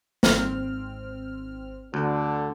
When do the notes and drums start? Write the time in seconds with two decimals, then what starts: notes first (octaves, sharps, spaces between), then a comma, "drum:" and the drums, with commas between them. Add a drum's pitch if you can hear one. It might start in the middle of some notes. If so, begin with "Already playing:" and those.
0.23 G#1 C4 F6, drum: snare
1.94 D2 D3